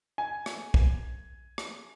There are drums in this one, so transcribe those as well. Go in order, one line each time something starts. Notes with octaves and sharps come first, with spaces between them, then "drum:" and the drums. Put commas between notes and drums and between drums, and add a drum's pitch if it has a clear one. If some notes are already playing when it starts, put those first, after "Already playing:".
G#5
drum: rim click
drum: kick
drum: rim click